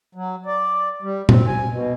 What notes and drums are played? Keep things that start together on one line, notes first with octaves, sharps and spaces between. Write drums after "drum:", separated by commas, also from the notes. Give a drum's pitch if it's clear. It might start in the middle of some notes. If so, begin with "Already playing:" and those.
F#3
D5
G3
C4, drum: tom
G#5
B2